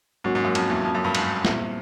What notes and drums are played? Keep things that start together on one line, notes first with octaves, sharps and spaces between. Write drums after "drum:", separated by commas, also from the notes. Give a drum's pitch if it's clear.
G#2 F#3 A#3 C#4 F#4
G#2
F#2
F2, drum: cymbal
E2
F2
F#2
G2
G#2, drum: cymbal
E2 A#2 G3 C4, drum: snare